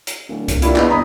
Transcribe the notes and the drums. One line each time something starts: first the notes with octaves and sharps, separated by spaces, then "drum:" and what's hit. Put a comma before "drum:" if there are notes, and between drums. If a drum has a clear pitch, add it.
drum: hi-hat
D1
drum: kick C2, hi-hat
D#2 D4 E4 F4, drum: hi-hat
E2 B4 D#5, drum: clap
G1 A#5 B5 D#6